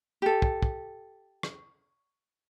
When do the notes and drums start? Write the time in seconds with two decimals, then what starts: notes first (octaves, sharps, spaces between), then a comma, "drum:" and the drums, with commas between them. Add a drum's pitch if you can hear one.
0.22 G4 A4
0.42 drum: kick
0.63 drum: kick
1.43 drum: rim click